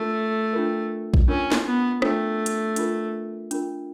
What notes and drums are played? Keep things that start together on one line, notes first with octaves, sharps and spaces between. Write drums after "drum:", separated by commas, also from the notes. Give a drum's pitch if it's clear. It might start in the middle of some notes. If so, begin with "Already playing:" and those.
Already playing: A3 D4 F4 A#4
D4 F4 A#4
drum: kick A#1
C#4 D4 F4 A#4
drum: snare
B3
A3 D4 F4 A#4, drum: rim click
drum: hi-hat
D4 F4 A#4, drum: hi-hat
D4 F4 A#4, drum: hi-hat